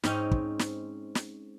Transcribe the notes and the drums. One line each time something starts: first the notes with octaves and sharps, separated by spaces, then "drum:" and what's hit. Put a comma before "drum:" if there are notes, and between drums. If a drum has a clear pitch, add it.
G#2 C4 C#4 D#4, drum: snare
drum: kick
drum: snare
drum: snare